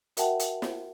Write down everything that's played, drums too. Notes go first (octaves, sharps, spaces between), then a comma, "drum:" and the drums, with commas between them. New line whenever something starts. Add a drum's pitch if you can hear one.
F#4 A#4 E5 F#5 G5 A5, drum: hi-hat
drum: hi-hat
drum: snare